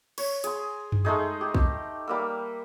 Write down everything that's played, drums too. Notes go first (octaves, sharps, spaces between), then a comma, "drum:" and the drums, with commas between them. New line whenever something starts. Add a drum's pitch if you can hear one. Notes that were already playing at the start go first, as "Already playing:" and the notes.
C#5, drum: cymbal
G#4 C6, drum: hi-hat
drum: tom F#2
G#3 A3 D#4 G#4
G4
drum: kick
G3 A#3 E6